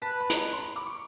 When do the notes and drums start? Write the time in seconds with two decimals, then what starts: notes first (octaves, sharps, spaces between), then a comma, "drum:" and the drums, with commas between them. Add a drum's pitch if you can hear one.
0.02 B4 A5
0.21 B5
0.30 A#5, drum: hi-hat
0.53 C6
0.59 B5
0.76 D6
0.87 C#6